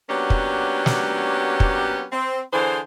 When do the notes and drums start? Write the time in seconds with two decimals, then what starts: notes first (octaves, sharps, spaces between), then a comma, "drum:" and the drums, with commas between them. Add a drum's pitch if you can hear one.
0.09 F#3 A#3 B3 C#4 D4 G4
0.30 drum: kick
0.86 drum: snare
1.60 drum: kick
2.12 C4
2.53 D3 E3 G#4 C5